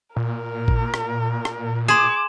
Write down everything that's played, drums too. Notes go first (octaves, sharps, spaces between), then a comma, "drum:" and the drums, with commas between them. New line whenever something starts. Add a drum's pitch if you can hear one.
A#2 A#4
drum: kick A1
drum: rim click
drum: rim click
G#4 C6 D6 E7